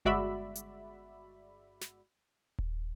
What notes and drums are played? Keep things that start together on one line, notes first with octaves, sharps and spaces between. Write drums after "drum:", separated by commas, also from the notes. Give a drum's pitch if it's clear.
G1 G#3 F#4 D5 E5 B5
drum: hi-hat
drum: snare
drum: kick D#1